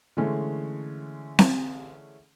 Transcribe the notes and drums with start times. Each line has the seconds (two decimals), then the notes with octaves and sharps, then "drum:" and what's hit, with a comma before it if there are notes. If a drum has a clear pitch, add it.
0.17 D3 E3 G#3 A3 C#4
1.39 drum: snare C4